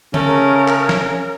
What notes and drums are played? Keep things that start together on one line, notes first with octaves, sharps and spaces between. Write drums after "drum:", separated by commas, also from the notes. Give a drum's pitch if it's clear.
C#3 A3 C#4 A#4, drum: tom D3
drum: clap
drum: snare